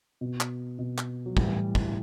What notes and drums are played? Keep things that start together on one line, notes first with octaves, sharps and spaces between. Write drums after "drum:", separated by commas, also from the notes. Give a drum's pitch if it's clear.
B2
drum: clap
B2
drum: clap
F#3
A2 E3 G3, drum: kick
drum: kick